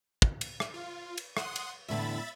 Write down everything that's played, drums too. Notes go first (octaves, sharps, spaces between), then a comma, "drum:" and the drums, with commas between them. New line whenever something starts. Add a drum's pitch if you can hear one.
drum: kick
drum: cymbal
drum: rim click
F4
drum: cymbal
F#5 C6 D#6, drum: rim click
drum: cymbal
E2 A2 D3 E5 B5 A6